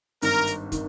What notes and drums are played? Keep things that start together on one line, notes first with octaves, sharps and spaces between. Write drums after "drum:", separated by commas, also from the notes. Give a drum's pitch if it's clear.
G#1 G2 D#3 A#4, drum: hi-hat
drum: hi-hat
D#3, drum: kick, hi-hat